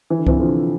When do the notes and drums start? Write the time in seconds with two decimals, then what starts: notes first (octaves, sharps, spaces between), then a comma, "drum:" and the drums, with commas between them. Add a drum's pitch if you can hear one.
0.10 E3
0.19 D3
0.27 C3 E3, drum: kick C2
0.39 D3 F3